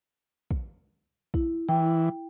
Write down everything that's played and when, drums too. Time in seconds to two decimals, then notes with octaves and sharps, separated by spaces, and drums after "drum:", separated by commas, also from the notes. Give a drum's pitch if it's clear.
0.51 drum: kick
1.34 E4, drum: kick
1.69 E3 G5